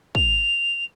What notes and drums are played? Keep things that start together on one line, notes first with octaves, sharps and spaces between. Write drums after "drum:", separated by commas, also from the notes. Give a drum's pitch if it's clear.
F7, drum: kick